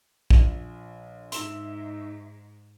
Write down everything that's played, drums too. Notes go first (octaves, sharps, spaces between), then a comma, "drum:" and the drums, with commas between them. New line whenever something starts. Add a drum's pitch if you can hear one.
A#1, drum: kick
G#2 D#4 E4 E5 C6 E7 G7, drum: hi-hat